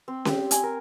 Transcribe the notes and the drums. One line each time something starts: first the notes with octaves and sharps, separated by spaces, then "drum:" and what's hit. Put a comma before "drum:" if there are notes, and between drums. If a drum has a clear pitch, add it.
C4
G4, drum: snare C#4
G#5, drum: hi-hat
A#4